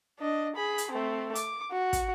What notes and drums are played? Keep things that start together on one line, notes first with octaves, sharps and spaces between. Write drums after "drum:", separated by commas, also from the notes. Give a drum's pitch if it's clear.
D4 D#5
G#4 B5
drum: hi-hat
A3 C4
D6, drum: hi-hat
F#4
drum: kick, hi-hat